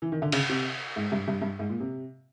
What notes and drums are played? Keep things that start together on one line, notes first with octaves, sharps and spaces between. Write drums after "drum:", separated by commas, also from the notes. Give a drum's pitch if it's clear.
E3
D#3
D3
C#3, drum: cymbal
C3
G#2
G2
G2
G2
G#2
A#2
C3